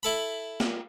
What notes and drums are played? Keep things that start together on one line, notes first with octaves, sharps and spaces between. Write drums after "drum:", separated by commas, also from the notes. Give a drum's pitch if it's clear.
E4 A4 B5
drum: snare